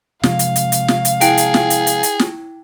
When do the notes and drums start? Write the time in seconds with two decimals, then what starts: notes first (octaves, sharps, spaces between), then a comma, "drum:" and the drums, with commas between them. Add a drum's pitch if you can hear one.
0.23 C3 F3 G#3 F5, drum: snare
0.39 drum: hi-hat
0.56 drum: hi-hat
0.72 drum: hi-hat
0.88 drum: snare
1.05 drum: hi-hat
1.21 E4 G#4 G5 D7, drum: hi-hat
1.38 drum: hi-hat
1.54 drum: snare
1.70 drum: hi-hat
1.87 drum: hi-hat
2.03 drum: hi-hat
2.19 drum: snare